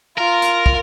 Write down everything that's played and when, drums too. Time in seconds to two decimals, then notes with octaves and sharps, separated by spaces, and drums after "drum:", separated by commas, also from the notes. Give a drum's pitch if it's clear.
0.18 F4 A#4
0.42 drum: hi-hat
0.66 drum: kick